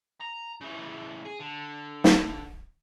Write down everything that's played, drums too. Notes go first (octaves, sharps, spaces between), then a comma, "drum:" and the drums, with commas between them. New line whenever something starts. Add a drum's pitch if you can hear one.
A#5
C#3 E3
G#4
D3
drum: snare